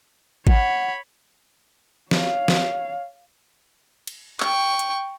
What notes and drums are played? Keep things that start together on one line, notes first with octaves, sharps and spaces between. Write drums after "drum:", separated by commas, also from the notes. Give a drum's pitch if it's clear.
C#5 F#5 B5, drum: kick
C#5 F5, drum: snare
drum: snare
drum: cymbal
G5 C#6, drum: clap
drum: hi-hat